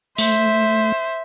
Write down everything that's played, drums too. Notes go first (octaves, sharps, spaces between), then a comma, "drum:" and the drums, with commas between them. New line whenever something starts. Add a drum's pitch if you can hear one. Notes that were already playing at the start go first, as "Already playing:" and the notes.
A3 C5 E5, drum: open hi-hat